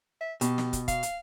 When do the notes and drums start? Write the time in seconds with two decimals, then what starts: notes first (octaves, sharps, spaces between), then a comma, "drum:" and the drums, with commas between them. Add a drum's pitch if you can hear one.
0.21 E5
0.41 B2 G4, drum: hi-hat
0.58 drum: snare
0.73 drum: kick, hi-hat
0.88 F5, drum: kick, hi-hat
1.03 drum: hi-hat